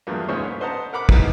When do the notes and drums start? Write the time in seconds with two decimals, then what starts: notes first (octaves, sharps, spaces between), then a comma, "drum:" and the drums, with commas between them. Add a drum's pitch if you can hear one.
0.07 E2 G2 F3 F#3 A3 A#3
0.29 C#2 G#2 C#3 A#3 C5 C#5
0.43 B3
0.60 B4 C5 D#5 F#5 A5 A#5
0.93 A#4 F#5 B5 D6
1.09 E3 A#3 B3 D#4, drum: kick